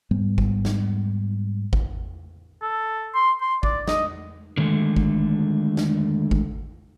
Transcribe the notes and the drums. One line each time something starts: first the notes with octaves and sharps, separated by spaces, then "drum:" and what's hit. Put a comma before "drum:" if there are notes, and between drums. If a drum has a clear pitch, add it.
G#2 G3 B3
drum: kick G#1
drum: snare
drum: kick G#1
A4
C6
C6
D5, drum: kick G#1
D#5, drum: snare
D3 D#3 G#3 A3
drum: kick G#1
drum: snare
drum: kick G#1